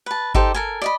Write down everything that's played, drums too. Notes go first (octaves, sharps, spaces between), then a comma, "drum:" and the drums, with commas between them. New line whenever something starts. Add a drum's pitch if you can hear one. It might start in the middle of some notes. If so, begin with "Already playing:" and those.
B4 A5
D#4 G4 A4 C5, drum: kick G1
A4 A#4 G#5
D5 D#5 B5